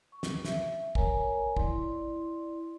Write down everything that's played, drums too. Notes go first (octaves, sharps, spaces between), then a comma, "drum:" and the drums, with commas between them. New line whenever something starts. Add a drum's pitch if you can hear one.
C#6
drum: snare
E5, drum: snare
A#4 C#5 G#5 A#5, drum: kick
E4 D5 C6, drum: kick